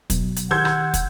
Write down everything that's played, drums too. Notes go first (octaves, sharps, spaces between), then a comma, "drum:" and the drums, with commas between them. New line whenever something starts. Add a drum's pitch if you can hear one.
B2 F#3, drum: kick, hi-hat
drum: hi-hat
D#3 G4 F#5 C6 E6 G6 G#6
drum: rim click
drum: kick, hi-hat